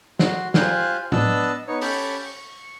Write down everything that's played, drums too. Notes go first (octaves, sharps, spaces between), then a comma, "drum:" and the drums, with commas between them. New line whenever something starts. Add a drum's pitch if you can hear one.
F#4 C6, drum: snare
F4 G4 C5 F5 G#5 F#6, drum: snare
B3 D4 D#5 A5 E6 F#6, drum: tom A2
B3 D#4 C#5
C#4 G4 A4 C#5 B5 D6, drum: open hi-hat
C#6